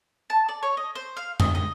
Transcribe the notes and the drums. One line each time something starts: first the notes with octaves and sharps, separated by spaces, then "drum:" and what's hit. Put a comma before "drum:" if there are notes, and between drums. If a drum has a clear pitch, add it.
A5
D5
C#5
D#5
C5
F5
D#5, drum: tom F2
D#5